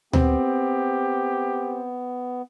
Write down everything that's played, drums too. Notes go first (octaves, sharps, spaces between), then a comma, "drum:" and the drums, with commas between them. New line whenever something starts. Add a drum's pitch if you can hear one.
B3 C4 G4, drum: tom D2